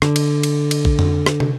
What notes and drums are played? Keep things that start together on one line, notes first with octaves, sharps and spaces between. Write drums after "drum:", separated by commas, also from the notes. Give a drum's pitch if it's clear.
D3, drum: rim click
drum: cymbal
drum: cymbal
drum: cymbal
drum: kick A#1
drum: tom F2
drum: rim click
drum: tom